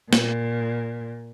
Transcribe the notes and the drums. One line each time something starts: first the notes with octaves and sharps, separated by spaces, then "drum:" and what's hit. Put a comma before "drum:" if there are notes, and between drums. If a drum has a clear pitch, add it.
A#2, drum: snare